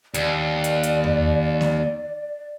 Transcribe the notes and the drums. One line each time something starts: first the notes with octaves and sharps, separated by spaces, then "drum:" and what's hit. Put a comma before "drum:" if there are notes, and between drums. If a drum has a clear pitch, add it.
D#2 D5, drum: hi-hat
drum: hi-hat
drum: hi-hat
drum: tom E2
drum: snare A#3